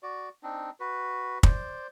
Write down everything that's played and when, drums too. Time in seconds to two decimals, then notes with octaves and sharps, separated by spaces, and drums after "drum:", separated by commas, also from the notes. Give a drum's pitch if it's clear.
0.03 F#4 D5
0.43 C4 D4 D#4
0.80 F#4 B4
1.43 C5 D5, drum: kick